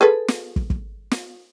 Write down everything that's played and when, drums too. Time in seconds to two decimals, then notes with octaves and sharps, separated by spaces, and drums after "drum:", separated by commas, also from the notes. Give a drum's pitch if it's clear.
0.01 G#4 A4 B4
0.28 drum: snare
0.56 drum: kick
0.70 drum: kick
1.11 drum: snare